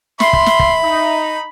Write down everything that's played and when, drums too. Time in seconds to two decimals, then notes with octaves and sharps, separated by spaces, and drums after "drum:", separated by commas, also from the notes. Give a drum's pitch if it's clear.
0.20 E5 B5 C6, drum: snare
0.33 drum: kick
0.46 drum: snare
0.59 drum: kick
0.83 D#4